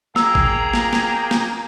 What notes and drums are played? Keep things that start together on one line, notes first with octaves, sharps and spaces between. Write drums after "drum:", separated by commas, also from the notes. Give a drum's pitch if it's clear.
A#3 G#4 G5 A#5 E6, drum: snare
drum: kick G#1
drum: snare
drum: snare
drum: snare